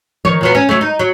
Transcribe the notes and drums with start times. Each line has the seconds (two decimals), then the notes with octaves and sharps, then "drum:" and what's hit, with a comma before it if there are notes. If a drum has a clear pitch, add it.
0.25 D#3 C#5, drum: tom E3
0.41 A#2 F#3 B3
0.55 C#4
0.69 F#3 A3
0.81 D#4
0.99 F#3